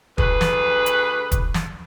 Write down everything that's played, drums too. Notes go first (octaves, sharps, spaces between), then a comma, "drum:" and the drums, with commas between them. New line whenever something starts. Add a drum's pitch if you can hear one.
D2 G#4 B4, drum: kick
drum: snare
drum: hi-hat
drum: kick, hi-hat
drum: snare